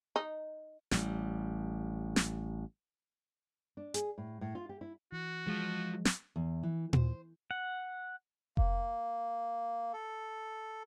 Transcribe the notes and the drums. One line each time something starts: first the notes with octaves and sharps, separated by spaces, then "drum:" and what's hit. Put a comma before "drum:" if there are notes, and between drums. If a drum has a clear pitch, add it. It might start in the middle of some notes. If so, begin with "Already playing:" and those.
D#4
A1 G3, drum: snare
drum: snare
D4
G#4, drum: hi-hat
A2
A2
F4
G4
E4
E3 F#4
F3 G#3
drum: snare
E2
E3
C5, drum: tom A#2
F#5
A#3, drum: kick F1
A4